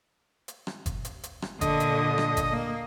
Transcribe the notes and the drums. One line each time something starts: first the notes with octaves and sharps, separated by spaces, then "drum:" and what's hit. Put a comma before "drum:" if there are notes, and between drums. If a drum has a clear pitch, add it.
drum: hi-hat
drum: rim click
drum: kick F#1, hi-hat
drum: hi-hat
drum: hi-hat
drum: rim click
A#2 D3 D#5, drum: kick F#1, hi-hat
drum: hi-hat
drum: rim click
drum: kick F#1, hi-hat
A#3